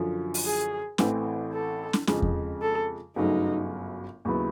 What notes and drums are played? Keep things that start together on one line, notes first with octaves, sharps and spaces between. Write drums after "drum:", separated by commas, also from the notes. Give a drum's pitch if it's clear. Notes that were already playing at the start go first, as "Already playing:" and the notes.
Already playing: F#2 D3 F3
drum: open hi-hat
G#4
A1 A2 E3 A3 C4, drum: snare
A4
drum: snare
F2 C#3 F3 G#3, drum: snare
drum: kick E2
A4
G1 F#2 C#3 F#3 A3 D#4
D#2 C#3 F#3 B3 E4